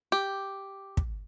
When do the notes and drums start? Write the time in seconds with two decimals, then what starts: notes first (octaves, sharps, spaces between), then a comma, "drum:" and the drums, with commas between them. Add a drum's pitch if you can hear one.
0.12 G4
0.97 drum: kick